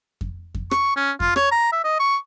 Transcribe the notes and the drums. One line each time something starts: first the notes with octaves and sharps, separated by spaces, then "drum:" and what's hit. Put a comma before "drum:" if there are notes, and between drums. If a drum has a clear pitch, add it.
drum: kick F2
drum: kick F2
C#6, drum: rim click
C#4
F4, drum: kick F2
C#5, drum: rim click
A#5
E5
D#5
C#6